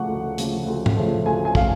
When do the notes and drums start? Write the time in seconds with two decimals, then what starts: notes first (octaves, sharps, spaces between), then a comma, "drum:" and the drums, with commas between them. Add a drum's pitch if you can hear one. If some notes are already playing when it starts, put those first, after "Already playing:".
Already playing: C#3 F3 A3 F#5 C#6 D6
0.08 D2
0.38 C#3 F3 A3, drum: hi-hat
0.67 D2
0.86 drum: tom G#2
0.96 C#3 F3 A3
1.26 D2 G#5
1.45 G#5
1.55 C#3 F3 A3 F5, drum: kick